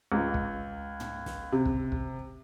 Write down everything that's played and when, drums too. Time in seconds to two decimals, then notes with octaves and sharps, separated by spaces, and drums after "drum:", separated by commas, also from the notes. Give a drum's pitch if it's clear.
0.12 C#2
0.34 drum: kick
1.00 drum: tom
1.26 drum: snare
1.52 C3
1.66 drum: kick
1.92 drum: kick